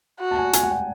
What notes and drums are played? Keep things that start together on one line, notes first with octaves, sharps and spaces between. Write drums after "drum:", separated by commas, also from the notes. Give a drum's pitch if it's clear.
F#4
A5
G#5
G#5, drum: hi-hat
F#5
G5